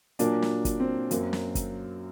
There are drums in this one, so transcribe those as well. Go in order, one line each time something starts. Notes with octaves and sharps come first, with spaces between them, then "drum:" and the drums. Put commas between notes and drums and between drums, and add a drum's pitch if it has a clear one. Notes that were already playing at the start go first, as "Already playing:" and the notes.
A#2 F#3 A#3 D4, drum: hi-hat
drum: snare
drum: kick, hi-hat
C4
F#2 F#3 A#3, drum: hi-hat
drum: snare
drum: kick, hi-hat